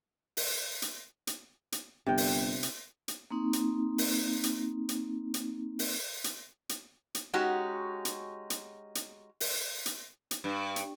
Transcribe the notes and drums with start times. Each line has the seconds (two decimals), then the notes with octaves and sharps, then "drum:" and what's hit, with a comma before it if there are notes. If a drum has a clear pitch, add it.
0.37 drum: open hi-hat
0.82 drum: hi-hat
1.27 drum: hi-hat
1.72 drum: hi-hat
2.06 G1 C3 G5
2.18 drum: open hi-hat
2.63 drum: hi-hat
3.08 drum: hi-hat
3.31 A#3 C4 D#4
3.53 drum: hi-hat
3.98 drum: open hi-hat
4.43 drum: hi-hat
4.89 drum: hi-hat
5.34 drum: hi-hat
5.79 drum: open hi-hat
6.24 drum: hi-hat
6.69 drum: hi-hat
7.15 drum: hi-hat
7.33 G#3 C#4 D#4 F#4 G4
8.05 drum: hi-hat
8.50 drum: hi-hat
8.95 drum: hi-hat
9.40 drum: open hi-hat
9.86 drum: hi-hat
10.31 drum: hi-hat
10.44 G2
10.76 drum: hi-hat